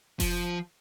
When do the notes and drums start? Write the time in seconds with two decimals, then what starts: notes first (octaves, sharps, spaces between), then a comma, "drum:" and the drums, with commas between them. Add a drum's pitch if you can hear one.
0.20 F3, drum: kick F1, open hi-hat